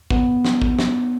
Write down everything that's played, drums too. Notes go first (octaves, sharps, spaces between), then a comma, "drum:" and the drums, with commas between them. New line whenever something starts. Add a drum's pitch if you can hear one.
B3, drum: kick
drum: snare
drum: kick
drum: snare